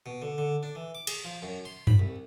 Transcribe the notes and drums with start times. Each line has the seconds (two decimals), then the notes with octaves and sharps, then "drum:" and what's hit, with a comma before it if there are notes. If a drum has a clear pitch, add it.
0.06 B2
0.22 D3
0.38 D3
0.63 D4
0.75 E3
0.95 D6
1.07 G#4, drum: cymbal
1.24 F3
1.42 F#2
1.65 C6
1.87 B5, drum: tom F#2
1.99 C2